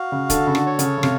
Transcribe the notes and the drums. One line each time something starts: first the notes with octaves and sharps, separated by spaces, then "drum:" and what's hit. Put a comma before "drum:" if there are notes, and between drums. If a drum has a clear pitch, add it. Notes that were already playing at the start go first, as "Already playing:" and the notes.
Already playing: F#4 F5
C#3
D3 A4, drum: kick, hi-hat
C#3
D3, drum: rim click
C#5
C#3, drum: hi-hat
C#3
C3 F5, drum: rim click